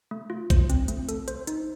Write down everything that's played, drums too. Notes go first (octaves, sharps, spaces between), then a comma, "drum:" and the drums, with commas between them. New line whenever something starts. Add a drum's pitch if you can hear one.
A3
F4
C5, drum: kick A1, hi-hat
C4, drum: hi-hat
A3, drum: hi-hat
A4, drum: hi-hat
C5, drum: hi-hat
D#4, drum: hi-hat